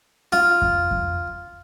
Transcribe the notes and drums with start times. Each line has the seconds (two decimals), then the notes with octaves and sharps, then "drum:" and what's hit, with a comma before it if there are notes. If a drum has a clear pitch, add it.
0.32 F4, drum: snare C#4
0.62 drum: kick F2
0.91 drum: kick F2